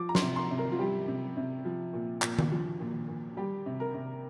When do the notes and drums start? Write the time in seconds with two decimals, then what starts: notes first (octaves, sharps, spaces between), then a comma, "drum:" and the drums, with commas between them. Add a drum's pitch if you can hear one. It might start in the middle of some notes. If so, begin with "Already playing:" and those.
Already playing: F3 D6
0.09 A#5
0.15 C6, drum: snare
0.22 C3
0.36 C6
0.51 C3
0.58 A#4
0.72 F4
0.79 G3 G4
1.08 C3
1.37 C3
1.65 F3
1.93 A#2
2.22 A#2, drum: clap
2.39 drum: tom D#3
2.51 F3
2.80 A#2
3.08 A#2
3.37 G3 G4
3.66 C3
3.80 A#4
3.94 C3